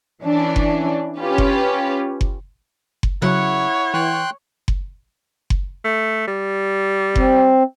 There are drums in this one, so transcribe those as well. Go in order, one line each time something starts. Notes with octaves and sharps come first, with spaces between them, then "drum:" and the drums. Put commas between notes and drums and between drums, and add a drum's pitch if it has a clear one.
E3 C#4 D4
drum: kick F#1
C#4 F4 G4 B4
drum: kick F#1
drum: kick F#1
drum: kick F#1
C#3 F#3 E4 C#5 F#5
E3 G5 C6 F#6
drum: kick F#1
drum: kick F#1
A3
G3
C4, drum: kick F#1